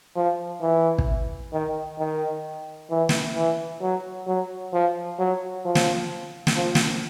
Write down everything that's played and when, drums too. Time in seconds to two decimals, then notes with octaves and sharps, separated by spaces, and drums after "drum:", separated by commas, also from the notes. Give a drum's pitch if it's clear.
0.16 F3
0.62 E3
0.98 drum: kick
1.53 D#3
1.99 D#3
2.90 E3
3.09 drum: snare
3.36 E3
3.82 F#3
4.27 F#3
4.73 F3
5.19 F#3
5.65 F3
5.75 drum: snare
6.47 drum: snare
6.56 F3
6.75 drum: snare